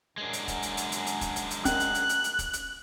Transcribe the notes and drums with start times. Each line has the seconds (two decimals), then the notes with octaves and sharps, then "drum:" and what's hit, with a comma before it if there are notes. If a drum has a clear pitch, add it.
0.18 F#2 G#3 D4
0.33 drum: hi-hat
0.48 drum: kick, hi-hat
0.63 drum: hi-hat
0.77 drum: hi-hat
0.92 drum: hi-hat
1.07 drum: hi-hat
1.21 drum: kick, hi-hat
1.36 drum: hi-hat
1.51 drum: hi-hat
1.65 C#4 A#4 F#6, drum: kick, hi-hat
1.80 drum: hi-hat
1.95 drum: hi-hat
2.09 drum: hi-hat
2.24 drum: hi-hat
2.39 drum: kick, hi-hat
2.53 drum: hi-hat